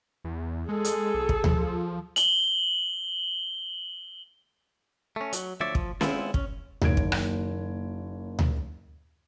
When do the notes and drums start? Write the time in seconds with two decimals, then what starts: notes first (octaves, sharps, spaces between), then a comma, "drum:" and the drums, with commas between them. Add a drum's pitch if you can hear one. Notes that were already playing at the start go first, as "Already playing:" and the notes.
0.24 E2
0.69 G#3 G#4 A4
0.85 drum: hi-hat
1.15 B1
1.29 drum: kick
1.44 F3, drum: tom D2
2.16 F#7 G7, drum: hi-hat
5.16 A3 C#4
5.33 F#3, drum: hi-hat
5.60 D2 F3 C#5 D5 E5
5.75 F3, drum: kick
6.01 G#3 B3 C4 E4 F4, drum: snare C#4
6.34 C#4, drum: kick
6.82 F#1 F#2 D#3 A#3 G#6 D7, drum: tom D2
6.97 drum: kick
7.12 drum: rim click
8.39 drum: tom D2